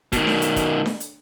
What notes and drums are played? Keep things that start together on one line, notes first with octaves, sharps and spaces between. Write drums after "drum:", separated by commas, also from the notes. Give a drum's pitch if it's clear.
B2 D#3, drum: kick, hi-hat
drum: snare D4
drum: hi-hat
drum: kick, hi-hat
drum: snare D4
drum: hi-hat